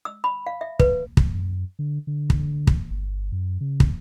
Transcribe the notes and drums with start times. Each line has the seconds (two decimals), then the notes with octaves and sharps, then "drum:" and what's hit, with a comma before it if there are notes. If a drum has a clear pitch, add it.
0.05 E6
0.24 B5
0.46 F5
0.61 E5
0.79 B4, drum: kick
1.17 drum: kick
1.33 F#2
1.79 D3
2.07 D3
2.30 drum: kick
2.67 drum: kick
2.90 G1
3.32 F#2
3.61 C#3
3.80 drum: kick